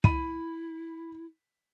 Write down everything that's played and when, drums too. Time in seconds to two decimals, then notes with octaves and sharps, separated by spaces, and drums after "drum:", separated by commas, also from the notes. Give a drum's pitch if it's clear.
0.04 E4 B5 D#7, drum: kick